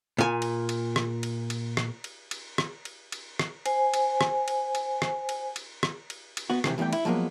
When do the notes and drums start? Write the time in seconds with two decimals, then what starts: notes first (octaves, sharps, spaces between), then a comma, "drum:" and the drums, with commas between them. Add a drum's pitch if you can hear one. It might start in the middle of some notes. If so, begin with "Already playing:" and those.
0.18 A#2 G#5
0.42 drum: cymbal
0.69 drum: cymbal
0.96 drum: rim click
1.23 drum: cymbal
1.50 drum: cymbal
1.77 drum: rim click
2.04 drum: cymbal
2.31 drum: cymbal
2.58 drum: rim click
2.85 drum: cymbal
3.12 drum: cymbal
3.39 drum: rim click
3.66 C5 G#5, drum: cymbal
3.94 drum: cymbal
4.21 drum: rim click
4.48 drum: cymbal
4.75 drum: cymbal
5.02 drum: rim click
5.29 drum: cymbal
5.56 drum: cymbal
5.83 drum: rim click
6.10 drum: cymbal
6.37 drum: cymbal
6.50 B3 F#4
6.64 G#2 C3 D#3 E3, drum: rim click
6.78 E2 E3 G3 A3 G5
6.93 E4, drum: cymbal
7.05 F3 F#3 G#3 A#3 B3